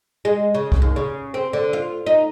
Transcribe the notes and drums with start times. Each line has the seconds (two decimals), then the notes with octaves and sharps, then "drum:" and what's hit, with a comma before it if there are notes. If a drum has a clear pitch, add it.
0.25 G#3
0.55 C#3
0.72 drum: kick B1
0.82 D#2
0.96 C#3
1.34 C4
1.53 D3
1.73 F4
2.06 D#4